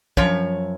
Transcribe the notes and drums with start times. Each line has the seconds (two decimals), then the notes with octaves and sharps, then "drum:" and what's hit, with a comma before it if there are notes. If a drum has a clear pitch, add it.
0.17 F#2 F3 C#5, drum: kick